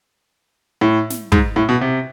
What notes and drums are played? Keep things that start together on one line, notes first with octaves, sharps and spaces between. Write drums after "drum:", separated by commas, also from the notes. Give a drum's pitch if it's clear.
A2
drum: snare
G#2, drum: kick
A2
B2
C3